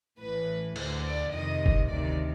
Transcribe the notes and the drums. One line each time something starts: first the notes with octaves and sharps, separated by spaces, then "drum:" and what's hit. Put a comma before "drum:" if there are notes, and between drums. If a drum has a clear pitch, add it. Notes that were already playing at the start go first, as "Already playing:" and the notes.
A1 A2 E3 B4
D2 D3 C5, drum: cymbal
D5
F2 C3 D#3 D#5
drum: kick
D2 C3 D#3 D5